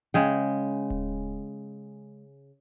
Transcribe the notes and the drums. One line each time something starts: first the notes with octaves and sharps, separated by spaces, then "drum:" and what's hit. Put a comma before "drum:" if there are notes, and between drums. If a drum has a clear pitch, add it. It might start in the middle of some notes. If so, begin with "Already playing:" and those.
C#3 G#3 G5
drum: kick D1